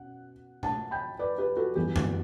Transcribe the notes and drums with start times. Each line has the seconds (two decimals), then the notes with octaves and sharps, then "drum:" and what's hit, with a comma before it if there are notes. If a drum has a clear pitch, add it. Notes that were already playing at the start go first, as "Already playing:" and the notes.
Already playing: B2 C#4 F#5
0.63 F#5 A5, drum: tom B2
0.91 G5 B5
1.19 B4 D5
1.38 G4 B4
1.57 F#4 A4
1.76 F#2 E3 G3 B3 G4
1.96 drum: tom F#2